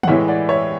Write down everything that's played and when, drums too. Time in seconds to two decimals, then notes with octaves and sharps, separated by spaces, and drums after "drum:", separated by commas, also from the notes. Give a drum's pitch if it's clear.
0.03 F#5, drum: tom
0.07 A2 E3 G#3 C#5 E5
0.28 D5 F#5
0.49 C#5 E5